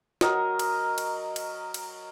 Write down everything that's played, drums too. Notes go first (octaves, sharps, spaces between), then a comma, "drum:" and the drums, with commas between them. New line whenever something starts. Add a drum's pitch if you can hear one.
F#3 A#4 D#5, drum: snare
drum: cymbal
drum: cymbal
drum: cymbal
drum: cymbal